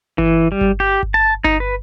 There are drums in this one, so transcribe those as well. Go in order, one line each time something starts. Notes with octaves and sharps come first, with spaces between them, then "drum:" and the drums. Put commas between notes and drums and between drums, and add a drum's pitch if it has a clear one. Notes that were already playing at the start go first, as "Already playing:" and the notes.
E3, drum: kick G1
G3
drum: kick G1
G4
drum: kick G1
A5
D#4, drum: kick G1
B4